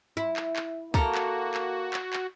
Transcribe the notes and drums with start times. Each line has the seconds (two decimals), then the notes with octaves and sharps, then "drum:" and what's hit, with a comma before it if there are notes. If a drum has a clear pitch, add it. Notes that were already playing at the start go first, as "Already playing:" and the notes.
0.17 E4
0.36 drum: clap
0.56 drum: clap
0.94 A#3 F#4 A4 A#4 A#5, drum: kick
1.15 drum: clap
1.54 drum: clap
1.93 drum: clap
2.13 drum: clap